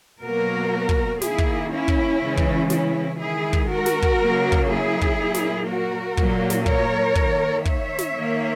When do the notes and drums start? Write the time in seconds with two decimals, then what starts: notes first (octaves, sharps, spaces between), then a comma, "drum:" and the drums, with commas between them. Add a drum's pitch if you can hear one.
0.22 B2 F#3 A#3 F#4 A#4
0.89 drum: kick
1.22 D#3 A#3 E4 G#4, drum: snare
1.38 drum: kick
1.71 C#4 E4
1.88 drum: kick
2.21 C#3 E3 G#3
2.37 drum: kick
2.70 C#4 E4, drum: snare
3.19 D#3 G#3 E4 G#4
3.53 drum: kick
3.70 F#4 A#4
3.86 drum: snare
4.02 drum: kick
4.19 C#3 F#3 A#3
4.52 drum: kick
4.68 E4 G#4
5.01 drum: kick
5.18 A#2 F#3 A#3
5.34 drum: snare
5.67 F#4 A#4
6.17 A#2 F#3 A#3, drum: kick
6.50 drum: snare
6.66 A#4 C#5, drum: kick
7.15 D#3 A#3, drum: kick
7.65 C#5 E5, drum: kick
7.98 drum: snare
8.15 D#3 A#3